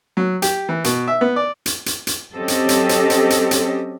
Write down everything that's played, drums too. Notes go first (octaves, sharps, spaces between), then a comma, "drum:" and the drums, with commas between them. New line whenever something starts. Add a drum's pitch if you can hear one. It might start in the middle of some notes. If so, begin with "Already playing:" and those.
F#3
G4, drum: hi-hat
E3
B2, drum: hi-hat
E5
B3
D5
drum: hi-hat
drum: hi-hat
drum: hi-hat
F#3 C4 C#4 G4 A4 D#5
drum: hi-hat
drum: hi-hat
drum: hi-hat
drum: hi-hat
drum: hi-hat
drum: hi-hat